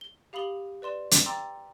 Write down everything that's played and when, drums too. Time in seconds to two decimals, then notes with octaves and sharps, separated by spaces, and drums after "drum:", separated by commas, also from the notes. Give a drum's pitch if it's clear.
0.01 G7
0.33 G4 F5 B5 D#6 F#7 G7
0.82 B4 D5 C6 E7
1.11 drum: hi-hat
1.26 G5 A#5 C6 D6 E6 A6